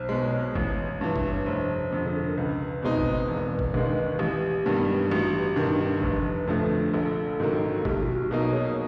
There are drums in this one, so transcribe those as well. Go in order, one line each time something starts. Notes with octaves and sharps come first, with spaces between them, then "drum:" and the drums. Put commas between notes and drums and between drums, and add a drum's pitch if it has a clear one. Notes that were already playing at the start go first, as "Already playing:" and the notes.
Already playing: B1 C5
B2 G#3
C#5
A1, drum: kick G1
G2 E3
drum: kick G1
F1 C5
F2 D3
G#4
A4
A#4
C#2 B4
B2 G#3 C4 D#4
drum: kick G1
E1
drum: kick G1
D#2 D#3 G#3
A1 G4
G2 D#3 G3 B3
A1 F#4
G4
G2 D#3
G4
F1 B4, drum: kick G1
F2 D3 F3 A3 A4
A#1 A4
G#2 D#3 F#3 A#3
B1 G4, drum: kick G1
F4
F#4
B2 F#3 A#3 D#4 G#4
C#5
A#4